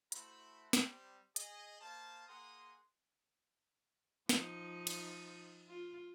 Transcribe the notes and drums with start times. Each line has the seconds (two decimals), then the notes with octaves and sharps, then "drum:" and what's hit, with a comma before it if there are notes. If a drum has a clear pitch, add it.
0.12 A3 E4 F#4 A4 C5 B5, drum: hi-hat
0.73 G3 C4, drum: snare
1.36 G#4 D#5, drum: hi-hat
1.81 A#3 C5 F5 A5
2.27 A#3 G#4 F#5 A#5 C6 D#6
4.29 F3 D#4, drum: snare
4.87 drum: cymbal
5.69 F4